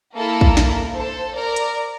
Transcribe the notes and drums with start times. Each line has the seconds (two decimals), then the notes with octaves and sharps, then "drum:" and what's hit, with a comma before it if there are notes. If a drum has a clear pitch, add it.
0.15 A#3 E4 A4 A#4
0.41 drum: kick
0.57 drum: snare
0.95 A4 C5
1.35 A#4 D5
1.56 drum: hi-hat